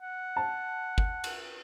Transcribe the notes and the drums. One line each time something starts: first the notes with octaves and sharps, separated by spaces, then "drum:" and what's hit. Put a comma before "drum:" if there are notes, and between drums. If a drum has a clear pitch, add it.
F#5
A5
drum: kick
drum: cymbal